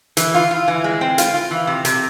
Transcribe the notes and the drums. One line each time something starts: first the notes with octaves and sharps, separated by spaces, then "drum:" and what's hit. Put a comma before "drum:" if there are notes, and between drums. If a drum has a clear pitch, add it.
E3, drum: hi-hat
F4
F4
E3
G#3
C4
F4, drum: hi-hat
F4
E3
C3
C3, drum: hi-hat